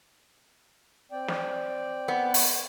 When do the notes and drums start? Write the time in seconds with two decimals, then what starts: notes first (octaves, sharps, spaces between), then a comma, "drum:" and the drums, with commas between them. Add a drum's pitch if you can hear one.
1.12 C4 D5 G5
1.28 drum: snare
2.08 B3
2.34 drum: open hi-hat